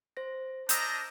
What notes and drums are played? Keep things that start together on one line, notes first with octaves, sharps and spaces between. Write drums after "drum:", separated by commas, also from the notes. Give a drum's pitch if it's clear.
C5 A#6
D4 D#5 A#5 E6 G6, drum: hi-hat